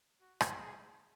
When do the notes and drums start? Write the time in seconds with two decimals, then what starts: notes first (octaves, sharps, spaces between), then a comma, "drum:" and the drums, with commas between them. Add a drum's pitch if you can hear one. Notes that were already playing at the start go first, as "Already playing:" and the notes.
0.21 F#4
0.41 drum: rim click
0.61 G#4